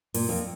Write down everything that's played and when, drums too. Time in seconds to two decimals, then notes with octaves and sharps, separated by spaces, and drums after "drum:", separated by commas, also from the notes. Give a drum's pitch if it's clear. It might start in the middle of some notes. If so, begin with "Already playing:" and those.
0.14 A#2, drum: open hi-hat
0.29 F2